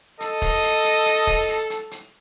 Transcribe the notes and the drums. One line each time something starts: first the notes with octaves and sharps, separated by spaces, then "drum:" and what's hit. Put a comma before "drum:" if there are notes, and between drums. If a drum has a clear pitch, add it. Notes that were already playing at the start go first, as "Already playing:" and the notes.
A4 D#5, drum: hi-hat
drum: kick, open hi-hat
drum: hi-hat
drum: hi-hat
drum: hi-hat
drum: kick, open hi-hat
drum: hi-hat
drum: hi-hat
drum: hi-hat